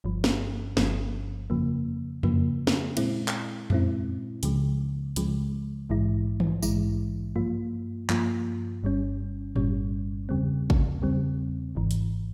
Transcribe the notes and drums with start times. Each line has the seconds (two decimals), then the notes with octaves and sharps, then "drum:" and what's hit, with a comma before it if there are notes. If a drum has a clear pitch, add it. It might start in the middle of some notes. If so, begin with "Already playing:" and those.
0.04 G1 G2 F3
0.24 drum: snare
0.77 G1 G2 F3, drum: snare
1.50 F2 C#3 F3 A#3
2.23 F2 C#3 F3 A#3, drum: tom F2
2.67 drum: snare
2.97 A#2 G#3 C4 E4, drum: cymbal
3.28 drum: clap
3.70 A#2 G#3 C4 E4, drum: tom F2
4.43 C#2 C#3 F3 G#3, drum: hi-hat
5.16 C#2 C#3 F3 G#3, drum: hi-hat
5.90 A#1 G#2 E3 G#3 E4
6.40 drum: tom D#3
6.62 A#1 G#2 E3 G#3 E4, drum: tambourine
7.36 G2 F3 A#3 F4
8.09 G2 F3 A#3 F4, drum: clap
8.83 G1 G2 G3 C#4
9.56 G1 G2 G3 C#4, drum: tom A2
10.29 E2 C#3 G3 C4
10.70 drum: kick G#1
11.02 E2 C#3 G3 C4
11.75 G#1 G#2 E3
11.91 drum: hi-hat